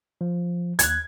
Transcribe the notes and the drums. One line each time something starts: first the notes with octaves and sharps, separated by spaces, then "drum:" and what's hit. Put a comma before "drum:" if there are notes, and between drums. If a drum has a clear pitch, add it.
F3
D#2 F#6 G#6, drum: hi-hat